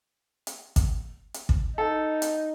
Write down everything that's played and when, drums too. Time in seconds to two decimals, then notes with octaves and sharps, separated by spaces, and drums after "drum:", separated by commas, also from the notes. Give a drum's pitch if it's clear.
0.47 drum: hi-hat
0.76 drum: kick, hi-hat
1.34 drum: hi-hat
1.49 drum: kick
1.78 D#4 A4
2.22 drum: hi-hat